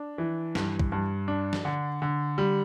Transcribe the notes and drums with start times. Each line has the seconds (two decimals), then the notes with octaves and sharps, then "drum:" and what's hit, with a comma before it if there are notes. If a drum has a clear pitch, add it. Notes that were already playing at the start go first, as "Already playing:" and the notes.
Already playing: D4
0.18 E3
0.55 G2, drum: snare
0.80 drum: kick
0.92 G2
1.28 D4
1.53 drum: snare
1.65 D3
2.02 D3
2.38 G3